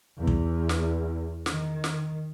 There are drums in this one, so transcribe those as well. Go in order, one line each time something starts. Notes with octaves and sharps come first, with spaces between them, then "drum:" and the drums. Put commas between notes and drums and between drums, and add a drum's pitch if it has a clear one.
E2
drum: kick
drum: snare
D#3, drum: snare
drum: snare